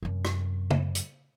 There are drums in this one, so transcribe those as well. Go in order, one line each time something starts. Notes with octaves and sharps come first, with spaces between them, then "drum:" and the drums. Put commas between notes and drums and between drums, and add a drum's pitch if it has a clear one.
F#2 C3
drum: rim click
drum: tom
drum: hi-hat